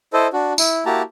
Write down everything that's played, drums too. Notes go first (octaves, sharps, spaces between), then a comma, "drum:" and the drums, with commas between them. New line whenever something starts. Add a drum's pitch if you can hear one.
E4 A4 C5 D#5
D4 F#4
E4, drum: tambourine
A#3 E4 F#4 G4 A5 A#5